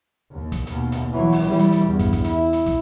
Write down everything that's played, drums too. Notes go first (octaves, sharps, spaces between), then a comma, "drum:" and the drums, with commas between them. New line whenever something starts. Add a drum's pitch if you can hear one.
D#2
drum: kick, hi-hat
D#2 B2, drum: hi-hat
drum: hi-hat
E3 F#3
drum: open hi-hat
E3 G3
drum: hi-hat
drum: hi-hat
E2 G2
drum: kick, hi-hat
drum: kick, hi-hat
E4, drum: hi-hat
drum: hi-hat
drum: kick, hi-hat